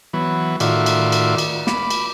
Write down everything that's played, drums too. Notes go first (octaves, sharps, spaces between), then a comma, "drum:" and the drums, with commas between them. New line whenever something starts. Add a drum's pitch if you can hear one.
E3 F#3 B3
A2 D#3 F4 F#4 D5 E5, drum: cymbal
drum: cymbal
drum: cymbal
drum: cymbal
B5 D6, drum: snare
drum: cymbal